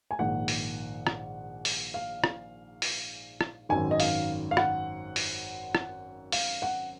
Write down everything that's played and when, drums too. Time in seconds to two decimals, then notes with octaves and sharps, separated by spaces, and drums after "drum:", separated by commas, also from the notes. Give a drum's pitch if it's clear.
0.11 G#5
0.19 A#1 G#2 D#3 F#5
0.48 drum: open hi-hat
1.07 drum: rim click
1.65 drum: open hi-hat
1.94 F5
2.24 drum: rim click
2.82 drum: open hi-hat
3.41 drum: rim click
3.69 G#1 F#2 D#3 G#5
3.91 D#5
4.00 F5, drum: open hi-hat
4.51 F5
4.57 F#5, drum: rim click
5.16 drum: open hi-hat
5.75 drum: rim click
6.32 F5, drum: open hi-hat
6.62 F#5